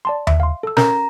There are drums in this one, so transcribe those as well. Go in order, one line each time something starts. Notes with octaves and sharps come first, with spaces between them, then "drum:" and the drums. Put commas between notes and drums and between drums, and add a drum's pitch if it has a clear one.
D5 A5 C6
E5, drum: tom D#2
F5 C6
A4 E6
C#4 A#4 A#5 G6, drum: snare